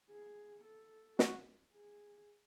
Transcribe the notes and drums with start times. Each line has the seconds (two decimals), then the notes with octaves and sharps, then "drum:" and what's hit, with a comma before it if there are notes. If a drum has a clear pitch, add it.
0.10 G#4
0.64 A4
1.19 F#4, drum: snare
1.73 G#4